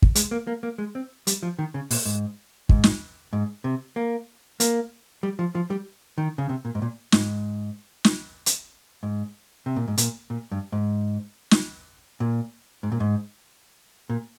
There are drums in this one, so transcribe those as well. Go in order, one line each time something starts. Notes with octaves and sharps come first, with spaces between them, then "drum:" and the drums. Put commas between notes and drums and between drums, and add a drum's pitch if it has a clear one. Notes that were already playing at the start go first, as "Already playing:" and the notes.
drum: kick
G#3, drum: hi-hat
A#3
A#3
A#3
G#3
C4
G3, drum: hi-hat
F3
D#3
C#3
A#2, drum: open hi-hat
G#2
G#2, drum: kick
drum: snare
G#2
C3
A#3
A#3, drum: hi-hat
G3
F3
F3
G3
D#3
C#3
C3
A#2
G#2
A#2
G#2, drum: snare
drum: snare
drum: hi-hat
G#2
C3
A#2
G#2
A#2, drum: hi-hat
A#2
G2
G#2
drum: snare
A#2
G#2
A#2
G#2
A#2